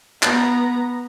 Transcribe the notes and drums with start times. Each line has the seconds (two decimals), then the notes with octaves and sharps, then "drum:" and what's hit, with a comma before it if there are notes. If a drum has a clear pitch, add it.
0.23 B3 A#5, drum: clap